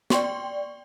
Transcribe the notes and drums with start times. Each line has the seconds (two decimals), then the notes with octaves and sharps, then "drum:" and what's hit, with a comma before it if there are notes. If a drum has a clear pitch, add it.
0.10 D5 G5 C6 C#6, drum: snare